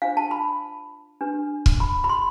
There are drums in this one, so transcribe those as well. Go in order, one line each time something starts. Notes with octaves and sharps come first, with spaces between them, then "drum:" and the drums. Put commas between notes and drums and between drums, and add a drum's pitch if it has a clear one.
D4 F4 C5 F5
A5
B5
D4 G4 B4
drum: kick
B5
B5
C6